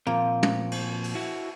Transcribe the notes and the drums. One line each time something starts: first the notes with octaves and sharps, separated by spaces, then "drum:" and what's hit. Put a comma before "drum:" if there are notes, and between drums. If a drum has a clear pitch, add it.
A#2 F3 A#3 C4
drum: tom
drum: cymbal
drum: open hi-hat
E4 F#4